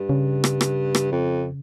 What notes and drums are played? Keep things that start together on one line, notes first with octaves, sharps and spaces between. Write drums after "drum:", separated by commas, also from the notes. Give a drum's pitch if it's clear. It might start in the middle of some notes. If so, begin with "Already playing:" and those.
Already playing: G2
C#3
drum: rim click
drum: rim click
drum: rim click
F2